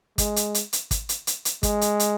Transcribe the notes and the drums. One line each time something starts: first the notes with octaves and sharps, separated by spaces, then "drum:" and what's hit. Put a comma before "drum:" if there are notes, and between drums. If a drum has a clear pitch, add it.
G#3, drum: kick, hi-hat
drum: hi-hat
drum: hi-hat
drum: hi-hat
drum: kick, hi-hat
drum: hi-hat
drum: hi-hat
drum: hi-hat
G#3, drum: kick, hi-hat
drum: hi-hat
drum: hi-hat